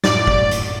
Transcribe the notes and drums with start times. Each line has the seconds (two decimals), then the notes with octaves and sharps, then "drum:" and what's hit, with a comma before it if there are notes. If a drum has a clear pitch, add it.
0.04 F#2 A2 G#4 D5, drum: snare
0.27 drum: kick
0.51 drum: hi-hat